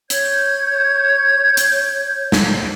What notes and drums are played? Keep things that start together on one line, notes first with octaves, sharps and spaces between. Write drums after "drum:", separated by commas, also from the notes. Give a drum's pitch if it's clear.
C#5 G6 G#6, drum: hi-hat
drum: hi-hat
drum: snare